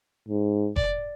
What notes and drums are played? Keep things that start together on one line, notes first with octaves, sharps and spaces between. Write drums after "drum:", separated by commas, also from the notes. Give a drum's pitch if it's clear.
G#2
D5, drum: kick F1